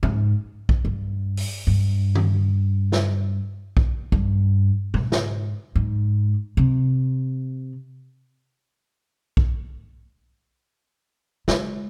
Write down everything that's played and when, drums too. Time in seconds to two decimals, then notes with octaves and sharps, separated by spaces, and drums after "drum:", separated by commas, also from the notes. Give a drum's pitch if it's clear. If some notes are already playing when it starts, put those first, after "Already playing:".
0.03 G#2, drum: tom
0.69 drum: kick B1
0.85 G2
1.37 drum: open hi-hat
1.67 G2
2.15 drum: tom D#3
2.92 drum: snare
3.77 drum: kick B1
4.12 G2, drum: kick B1
4.94 G#2, drum: tom B2
5.12 drum: snare
5.76 G#2
6.57 C3
9.37 drum: kick B1
11.48 G#3, drum: snare